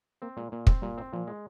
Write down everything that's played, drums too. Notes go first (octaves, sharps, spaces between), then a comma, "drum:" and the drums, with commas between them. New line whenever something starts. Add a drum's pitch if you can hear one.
A#3 C4
A#2 G#3
A#2 A#3
G#3 C4, drum: kick
A#2 G3
C4
A#2 F3
G#3